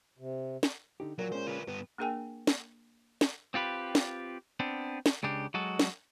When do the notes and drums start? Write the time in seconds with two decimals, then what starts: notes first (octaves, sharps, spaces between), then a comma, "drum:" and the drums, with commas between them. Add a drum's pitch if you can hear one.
0.19 C3
0.63 drum: snare
1.00 D3 D#4 G4
1.19 A#2 F#3 F#4 A#4
1.32 G#3 C#4 C5
1.47 F4 B4
1.68 G2 B3 B4
1.98 A#3 D4 G#4 A#4 G5 G#5
2.47 drum: snare
3.21 drum: snare
3.54 C4 F4 G4 B4
3.95 drum: snare
4.60 B3 C4 D4
5.06 drum: snare
5.23 C#2 C#3 D4 G4
5.54 F#3 G#3 F#4 A4
5.79 drum: snare